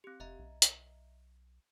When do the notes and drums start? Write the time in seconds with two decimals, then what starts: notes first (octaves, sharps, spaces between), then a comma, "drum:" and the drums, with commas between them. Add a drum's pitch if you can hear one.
0.04 C4 G4
0.20 F1 D#5 E5 A#5
0.39 B1
0.62 drum: hi-hat